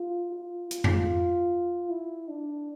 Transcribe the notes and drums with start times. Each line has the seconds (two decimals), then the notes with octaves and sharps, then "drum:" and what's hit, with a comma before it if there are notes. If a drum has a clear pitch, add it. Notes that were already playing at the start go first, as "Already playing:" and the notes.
Already playing: F4
0.32 F4
0.71 F4, drum: hi-hat
0.84 drum: tom F2
1.90 E4
2.29 D4